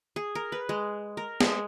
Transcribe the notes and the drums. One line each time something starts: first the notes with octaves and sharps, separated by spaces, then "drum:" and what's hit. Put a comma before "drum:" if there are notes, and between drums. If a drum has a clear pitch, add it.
G#4
A#4
B4
G#3
A#4
G#3, drum: snare